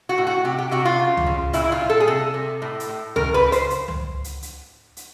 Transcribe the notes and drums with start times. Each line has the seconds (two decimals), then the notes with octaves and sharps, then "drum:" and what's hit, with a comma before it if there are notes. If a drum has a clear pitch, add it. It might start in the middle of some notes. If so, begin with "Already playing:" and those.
0.09 F#4
0.18 A2
0.27 F#4
0.45 C3 G4
0.58 G4
0.71 C3 F#4
0.85 F4
0.99 C#3
1.17 drum: tom C#2
1.26 C#3
1.53 A#2 E4, drum: hi-hat
1.64 E4
1.72 F4
1.81 G3
1.90 A4
2.00 G#4
2.07 C3 A4
2.34 C3
2.62 A2
2.80 drum: hi-hat
2.89 A2
3.16 C#3 A#4, drum: tom C#2
3.34 B4
3.43 C#3
3.52 C5, drum: hi-hat
3.70 drum: hi-hat
3.88 drum: tom C#2
4.24 drum: hi-hat
4.42 drum: hi-hat
4.97 drum: hi-hat